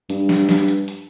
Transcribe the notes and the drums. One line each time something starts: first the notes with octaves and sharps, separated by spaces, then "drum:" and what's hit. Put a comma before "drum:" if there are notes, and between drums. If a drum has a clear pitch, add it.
G2, drum: hi-hat
drum: snare
drum: snare
drum: hi-hat
drum: hi-hat